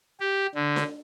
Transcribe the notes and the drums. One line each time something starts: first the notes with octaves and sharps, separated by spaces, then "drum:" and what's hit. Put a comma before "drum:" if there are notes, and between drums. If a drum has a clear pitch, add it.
G4
D3
drum: snare D4